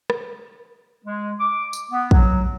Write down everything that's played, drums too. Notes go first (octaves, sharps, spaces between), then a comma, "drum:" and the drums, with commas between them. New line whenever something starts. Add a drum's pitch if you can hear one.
drum: rim click
G#3
D6
drum: tambourine
B3
F#3, drum: kick